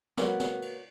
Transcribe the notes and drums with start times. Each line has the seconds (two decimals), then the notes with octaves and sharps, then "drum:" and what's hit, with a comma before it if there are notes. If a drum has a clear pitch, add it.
0.17 F#3 A#3 B3 F4 F#4, drum: snare
0.40 drum: snare
0.62 drum: cymbal